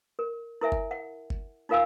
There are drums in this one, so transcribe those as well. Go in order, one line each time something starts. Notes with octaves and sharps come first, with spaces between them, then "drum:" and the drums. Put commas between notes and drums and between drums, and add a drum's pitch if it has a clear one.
A#4
E4 A#4 E5 G#5
drum: kick G1
F#5
drum: kick G1
D#4 F4 A#4 F5 G#5 E6